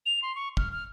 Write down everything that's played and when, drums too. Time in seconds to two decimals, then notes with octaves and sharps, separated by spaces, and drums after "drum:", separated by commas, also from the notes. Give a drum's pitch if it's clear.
0.06 F7
0.22 C6
0.35 C#6
0.57 F6, drum: kick
0.72 F6